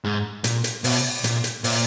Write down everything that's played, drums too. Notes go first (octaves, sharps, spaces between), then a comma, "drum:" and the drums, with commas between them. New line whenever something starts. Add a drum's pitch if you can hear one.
G#2
A#2, drum: hi-hat
drum: hi-hat
B2, drum: open hi-hat
A#2, drum: hi-hat
drum: hi-hat
A#2, drum: open hi-hat